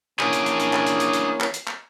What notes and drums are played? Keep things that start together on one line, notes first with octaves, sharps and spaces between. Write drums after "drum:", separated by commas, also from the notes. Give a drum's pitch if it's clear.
E3 A#3 C#4 D4 G#4, drum: clap
drum: hi-hat
drum: hi-hat
drum: hi-hat
drum: clap
drum: hi-hat
drum: hi-hat
drum: hi-hat
drum: clap
drum: hi-hat
drum: clap